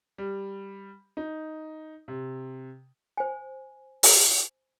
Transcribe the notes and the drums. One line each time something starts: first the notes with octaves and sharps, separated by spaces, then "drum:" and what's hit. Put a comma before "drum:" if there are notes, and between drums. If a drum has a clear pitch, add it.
G3
D#4
C3
C5 G#5
drum: open hi-hat